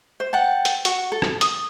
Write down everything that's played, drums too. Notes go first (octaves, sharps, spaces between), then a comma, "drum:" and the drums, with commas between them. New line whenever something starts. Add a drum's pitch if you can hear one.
C5
F#5 G5 A5
drum: hi-hat
F#4, drum: hi-hat
A4
drum: rim click
D#6, drum: hi-hat